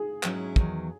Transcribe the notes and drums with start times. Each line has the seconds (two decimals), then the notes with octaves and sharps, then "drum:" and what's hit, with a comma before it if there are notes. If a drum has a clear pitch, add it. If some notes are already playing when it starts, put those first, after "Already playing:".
Already playing: G#4
0.23 G#2 F#3 C#4 E4, drum: clap
0.56 E2 D#3 F#3, drum: kick